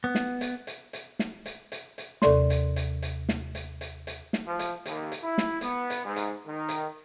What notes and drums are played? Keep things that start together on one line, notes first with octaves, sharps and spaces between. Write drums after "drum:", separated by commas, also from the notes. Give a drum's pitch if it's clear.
B3
drum: snare
drum: hi-hat
drum: hi-hat
drum: hi-hat
drum: snare
drum: hi-hat
drum: hi-hat
drum: hi-hat
D#2 C3 A4 D5 C6, drum: snare
drum: hi-hat
drum: hi-hat
drum: hi-hat
drum: snare
drum: hi-hat
drum: hi-hat
drum: hi-hat
drum: snare
F3
drum: hi-hat
D#2, drum: hi-hat
drum: hi-hat
E4
drum: snare
B3, drum: hi-hat
drum: hi-hat
G#2
drum: hi-hat
D#3
drum: hi-hat